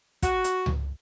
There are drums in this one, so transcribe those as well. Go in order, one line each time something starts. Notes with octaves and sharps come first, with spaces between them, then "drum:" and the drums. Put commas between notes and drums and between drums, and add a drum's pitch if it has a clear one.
F#4, drum: kick, hi-hat
drum: hi-hat
drum: tom C#2